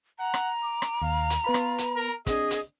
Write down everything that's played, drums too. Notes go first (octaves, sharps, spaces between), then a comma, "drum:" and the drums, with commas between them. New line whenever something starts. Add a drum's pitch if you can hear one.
F#5 A#5
drum: rim click
D6
drum: rim click
D#2 F5
drum: hi-hat
B3 F4 B4 B5
drum: rim click
drum: hi-hat
A#4
C4 D4 G#4 D#5, drum: kick, hi-hat
drum: hi-hat